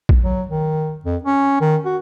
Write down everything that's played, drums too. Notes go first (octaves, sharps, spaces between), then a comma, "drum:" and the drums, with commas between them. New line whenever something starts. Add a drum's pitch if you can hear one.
drum: kick
F#3
D#3
F2
C#4
D#3
F#4